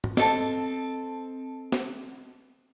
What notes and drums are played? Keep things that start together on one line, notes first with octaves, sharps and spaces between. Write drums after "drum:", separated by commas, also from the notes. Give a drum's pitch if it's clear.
drum: tom G#2
C4 A4 D#5 A5, drum: snare
drum: snare